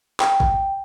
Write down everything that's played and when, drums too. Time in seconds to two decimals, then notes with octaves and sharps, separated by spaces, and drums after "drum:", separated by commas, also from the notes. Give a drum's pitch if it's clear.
0.20 G5, drum: clap
0.40 drum: kick A1